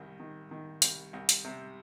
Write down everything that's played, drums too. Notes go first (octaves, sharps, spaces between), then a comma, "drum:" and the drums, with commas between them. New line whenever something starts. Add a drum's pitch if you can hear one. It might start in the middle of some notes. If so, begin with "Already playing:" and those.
Already playing: C2 D#3
D#3
D#3
C2, drum: hi-hat
C2
drum: hi-hat
C3